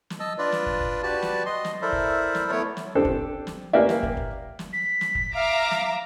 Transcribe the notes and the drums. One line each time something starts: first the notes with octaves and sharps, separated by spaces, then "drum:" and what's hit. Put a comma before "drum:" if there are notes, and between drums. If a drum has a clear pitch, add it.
drum: snare
D#5 A5 E6
D4 F4 B4 D5
drum: snare
drum: kick
drum: kick
F#4 G4 B4 D5 A5
drum: snare
D#5 C6
drum: snare
E4 A4 A#4 C5 D5 E5
drum: kick
drum: snare
A3 B3 E4 C#5
drum: snare
C4 D4 G4 A4
drum: kick
drum: snare
A#3 C#4 G4 B4 D5 E5
drum: snare
drum: kick
drum: kick
drum: snare
B6
drum: snare
drum: kick
E5 F5 A#5 D6
drum: snare